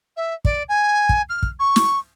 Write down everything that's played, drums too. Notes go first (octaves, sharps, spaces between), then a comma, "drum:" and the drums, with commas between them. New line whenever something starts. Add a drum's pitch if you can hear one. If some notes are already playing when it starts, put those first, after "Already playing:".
E5
D5, drum: kick
G#5
drum: kick
F6
drum: kick
C#6
drum: snare